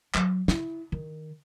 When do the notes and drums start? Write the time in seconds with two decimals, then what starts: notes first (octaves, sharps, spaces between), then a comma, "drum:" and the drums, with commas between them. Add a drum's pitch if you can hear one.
0.15 F#3, drum: clap
0.48 E4, drum: snare
0.92 D#3